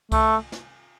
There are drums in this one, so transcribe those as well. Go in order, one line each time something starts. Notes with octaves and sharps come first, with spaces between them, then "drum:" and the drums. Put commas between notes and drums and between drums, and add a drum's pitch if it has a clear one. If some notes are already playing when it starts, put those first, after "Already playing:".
A3, drum: kick C2, cymbal
drum: snare